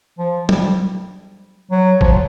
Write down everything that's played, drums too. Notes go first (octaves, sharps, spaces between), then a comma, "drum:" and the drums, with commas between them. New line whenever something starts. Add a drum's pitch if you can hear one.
F3
G3, drum: tom F#3
F#3
F3, drum: kick
F#3